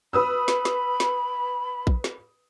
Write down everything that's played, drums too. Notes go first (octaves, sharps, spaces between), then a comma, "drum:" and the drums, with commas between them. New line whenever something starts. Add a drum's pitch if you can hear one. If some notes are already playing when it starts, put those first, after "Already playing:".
B4 B5 D#6 E6
drum: snare
drum: snare
drum: snare
drum: kick A#1
drum: snare